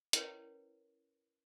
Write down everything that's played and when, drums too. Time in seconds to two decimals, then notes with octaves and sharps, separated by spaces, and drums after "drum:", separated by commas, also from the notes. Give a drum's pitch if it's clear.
0.13 C#4 E4 A#4 B4 C#5, drum: hi-hat